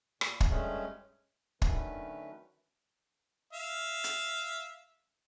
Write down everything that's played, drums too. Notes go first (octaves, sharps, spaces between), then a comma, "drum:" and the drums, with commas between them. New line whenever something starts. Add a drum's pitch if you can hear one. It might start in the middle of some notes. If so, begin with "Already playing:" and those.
A#2, drum: rim click
drum: kick
G2 G#3 A3 C#4
D3 D#3 F#3 A3 C#4 B4, drum: kick
E5 F5
drum: hi-hat